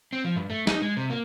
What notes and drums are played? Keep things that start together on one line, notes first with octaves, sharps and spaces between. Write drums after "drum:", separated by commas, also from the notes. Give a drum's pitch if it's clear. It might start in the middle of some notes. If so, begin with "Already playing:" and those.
C4
F3
G2
A3
D#4, drum: snare
G#3
C3
A#3